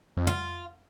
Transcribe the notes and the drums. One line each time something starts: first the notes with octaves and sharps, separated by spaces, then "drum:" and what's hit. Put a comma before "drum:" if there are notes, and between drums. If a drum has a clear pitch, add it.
F2
F4, drum: tom F2